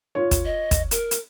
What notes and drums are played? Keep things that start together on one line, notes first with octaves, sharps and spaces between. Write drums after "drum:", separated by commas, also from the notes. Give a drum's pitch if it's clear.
F4 C#5
drum: kick, hi-hat
D#5
drum: kick, hi-hat
A#4, drum: hi-hat
drum: hi-hat